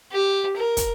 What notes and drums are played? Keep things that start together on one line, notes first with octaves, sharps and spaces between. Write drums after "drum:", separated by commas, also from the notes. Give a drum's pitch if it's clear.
G4
A#4
drum: kick, hi-hat